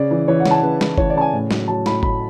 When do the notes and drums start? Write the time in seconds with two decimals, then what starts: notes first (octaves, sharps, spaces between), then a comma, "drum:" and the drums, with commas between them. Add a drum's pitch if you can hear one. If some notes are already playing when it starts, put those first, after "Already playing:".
Already playing: C#3 D5
0.11 E3
0.28 E3 C#5
0.40 F#5
0.46 C#3, drum: snare
0.51 A5
0.62 C#3 B4
0.81 E3, drum: snare
0.98 E3 C#5, drum: kick G1
1.10 D5
1.16 C#3 A5
1.21 G#5
1.33 A2
1.51 F#3, drum: snare
1.68 F#3 A5
1.86 A2 B5, drum: snare
2.03 A2 B5, drum: kick G1